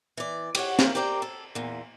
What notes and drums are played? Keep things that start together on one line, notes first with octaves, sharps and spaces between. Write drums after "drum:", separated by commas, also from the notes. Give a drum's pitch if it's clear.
E3 D5
G4 C#5 D5 F#5, drum: cymbal
E3 F3 A#3, drum: snare
G4 A#4 C5 D5 F5 G5
A4
E2 A#2